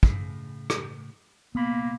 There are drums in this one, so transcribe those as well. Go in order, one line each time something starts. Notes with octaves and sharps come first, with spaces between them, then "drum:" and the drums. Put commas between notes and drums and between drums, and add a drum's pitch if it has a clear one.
A2 C#3, drum: kick
drum: rim click
C2 A#2 A#3 B3 B5